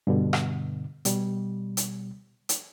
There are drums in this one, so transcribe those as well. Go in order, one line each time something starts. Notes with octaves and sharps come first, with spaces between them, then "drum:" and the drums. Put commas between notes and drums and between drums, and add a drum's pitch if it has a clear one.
G2 B2 D3
drum: rim click
B2 G3, drum: hi-hat
drum: hi-hat
drum: hi-hat